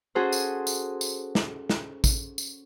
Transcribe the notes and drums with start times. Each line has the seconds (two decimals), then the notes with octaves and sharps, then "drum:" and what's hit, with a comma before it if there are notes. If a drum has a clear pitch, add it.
0.15 C#4 F#4 G#4 A4 C5
0.32 drum: tambourine
0.67 drum: tambourine
1.01 drum: tambourine
1.35 drum: snare
1.70 drum: snare
2.04 drum: kick A1, tambourine
2.38 drum: tambourine